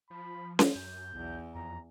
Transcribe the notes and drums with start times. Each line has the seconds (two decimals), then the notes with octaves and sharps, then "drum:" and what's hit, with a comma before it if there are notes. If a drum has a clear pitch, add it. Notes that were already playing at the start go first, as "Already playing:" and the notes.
0.10 F3 B5
0.59 drum: snare C#4
0.75 F#2 G6
1.15 B1 E2
1.55 F2 A#5